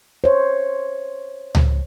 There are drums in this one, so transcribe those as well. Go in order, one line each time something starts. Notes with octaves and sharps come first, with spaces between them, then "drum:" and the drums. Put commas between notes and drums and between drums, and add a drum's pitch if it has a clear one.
C5 C#5
drum: tom C#2